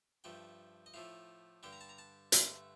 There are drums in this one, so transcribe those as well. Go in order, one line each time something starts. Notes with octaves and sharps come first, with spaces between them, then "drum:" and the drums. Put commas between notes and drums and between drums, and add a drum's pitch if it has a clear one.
G2 F3 A3 G5
D#5
A2 F3 A3 F5
G2 D3 G3 G5
A#5
A5
A#5
A5
G2 D3 A3, drum: hi-hat